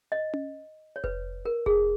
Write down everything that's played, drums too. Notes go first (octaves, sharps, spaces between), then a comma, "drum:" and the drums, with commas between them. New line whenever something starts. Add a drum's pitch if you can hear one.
D#5
drum: tom C#4
C#5
B4, drum: kick F1
A#4
G#4, drum: kick F1